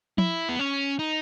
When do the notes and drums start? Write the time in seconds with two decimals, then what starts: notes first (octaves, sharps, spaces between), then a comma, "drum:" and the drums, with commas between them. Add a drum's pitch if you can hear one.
0.18 E4, drum: tom F3
0.49 B3
0.59 C#4
0.99 D#4